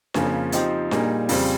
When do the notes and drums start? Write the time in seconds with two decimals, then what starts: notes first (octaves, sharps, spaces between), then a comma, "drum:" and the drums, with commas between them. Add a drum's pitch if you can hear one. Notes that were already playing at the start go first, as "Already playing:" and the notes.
0.14 F2 C#3 F3 A#3 C#4, drum: snare D4
0.52 F3 C4 D#4 G4, drum: hi-hat
0.91 A#2 G3 A#3 D#4 G#4, drum: snare D4
1.29 F2 C#3 G3 C4, drum: open hi-hat